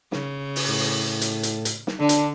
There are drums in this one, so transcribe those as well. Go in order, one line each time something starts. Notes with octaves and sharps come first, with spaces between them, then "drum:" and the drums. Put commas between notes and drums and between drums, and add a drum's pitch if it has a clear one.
C#3, drum: snare
drum: open hi-hat
A2
drum: open hi-hat
drum: hi-hat
drum: hi-hat
drum: hi-hat
drum: snare
D3 D4
drum: hi-hat